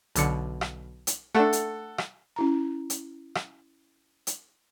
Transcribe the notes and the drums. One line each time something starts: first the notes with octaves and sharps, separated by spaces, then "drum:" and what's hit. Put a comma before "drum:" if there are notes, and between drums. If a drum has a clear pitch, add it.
B1 D3 C#7, drum: hi-hat
drum: rim click
drum: hi-hat
A3 D4 A4 F#5
drum: hi-hat
drum: rim click
C#4 E4 A#5
drum: hi-hat
drum: rim click
drum: hi-hat